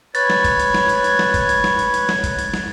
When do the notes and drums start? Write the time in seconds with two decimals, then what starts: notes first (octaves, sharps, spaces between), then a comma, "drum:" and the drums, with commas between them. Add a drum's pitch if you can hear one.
0.15 B4 C#5 G#6 A6, drum: hi-hat
0.30 drum: snare
0.45 drum: kick, hi-hat
0.59 drum: hi-hat
0.74 drum: snare
0.89 drum: hi-hat
1.04 drum: hi-hat
1.19 drum: snare
1.34 drum: kick, hi-hat
1.49 drum: hi-hat
1.64 drum: snare
1.79 drum: hi-hat
1.94 drum: hi-hat
2.09 drum: snare
2.24 drum: kick, hi-hat
2.39 drum: hi-hat
2.54 drum: snare